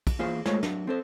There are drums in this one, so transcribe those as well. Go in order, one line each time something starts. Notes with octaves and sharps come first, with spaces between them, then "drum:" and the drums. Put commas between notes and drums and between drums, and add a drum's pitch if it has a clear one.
drum: kick, cymbal
E2 A#3 F4 G#4 C5
G#3 A3 F4 A#4 C5 C#5, drum: snare
F#3 D4, drum: snare
C4 A4 C5